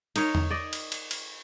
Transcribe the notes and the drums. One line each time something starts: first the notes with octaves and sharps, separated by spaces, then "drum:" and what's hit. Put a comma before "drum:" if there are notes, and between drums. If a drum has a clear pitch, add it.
D#4 A#4 C#5, drum: cymbal
drum: tom E2
D5 D#5
drum: cymbal
drum: cymbal
drum: cymbal